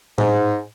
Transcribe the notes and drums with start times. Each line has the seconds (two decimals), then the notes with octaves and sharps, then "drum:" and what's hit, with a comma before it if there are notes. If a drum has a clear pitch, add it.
0.18 G#2, drum: tom A2